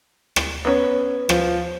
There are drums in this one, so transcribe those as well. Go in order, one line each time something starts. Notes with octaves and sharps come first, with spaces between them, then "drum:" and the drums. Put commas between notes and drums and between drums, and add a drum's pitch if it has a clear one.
drum: rim click
B3 C#4
F3, drum: rim click